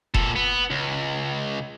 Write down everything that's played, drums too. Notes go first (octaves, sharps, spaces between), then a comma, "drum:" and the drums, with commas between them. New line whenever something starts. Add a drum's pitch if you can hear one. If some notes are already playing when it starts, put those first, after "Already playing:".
A#2 A4, drum: kick F1
B3
C#2